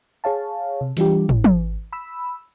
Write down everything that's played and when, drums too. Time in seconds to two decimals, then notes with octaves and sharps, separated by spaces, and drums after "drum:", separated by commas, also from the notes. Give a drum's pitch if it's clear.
0.24 G#4 C#5 F5 A5
0.81 C3
0.97 E3 G3 D4 F4 G4, drum: open hi-hat
1.29 G#1, drum: tom
1.44 drum: tom
1.93 B5 E6